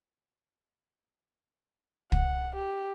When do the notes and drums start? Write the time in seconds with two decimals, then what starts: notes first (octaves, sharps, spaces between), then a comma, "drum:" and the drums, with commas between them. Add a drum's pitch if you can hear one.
2.12 F#5, drum: kick
2.55 G4